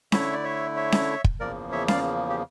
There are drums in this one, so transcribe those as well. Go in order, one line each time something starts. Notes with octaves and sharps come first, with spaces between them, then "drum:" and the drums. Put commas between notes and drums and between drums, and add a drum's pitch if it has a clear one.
D3 A3 E4 C#5 E5, drum: snare C#4
D5
C#5 E5
C#5 E5
drum: snare C#4
drum: kick
E2 C#3 F3 A#3 A#4 D5
C#5 E5
D5 F5, drum: snare C#4
G4